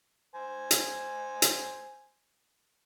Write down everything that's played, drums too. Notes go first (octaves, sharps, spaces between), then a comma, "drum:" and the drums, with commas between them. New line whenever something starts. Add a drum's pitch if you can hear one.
C5 G#5
drum: hi-hat
drum: hi-hat